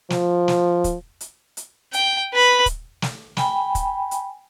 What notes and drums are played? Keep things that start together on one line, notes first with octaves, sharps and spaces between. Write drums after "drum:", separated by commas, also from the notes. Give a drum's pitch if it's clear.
F3, drum: snare
drum: snare
drum: kick, hi-hat
drum: hi-hat
drum: hi-hat
G5, drum: hi-hat
B4 B5
drum: kick, hi-hat
drum: snare
G5 G#5 B5, drum: snare
drum: kick, hi-hat
drum: hi-hat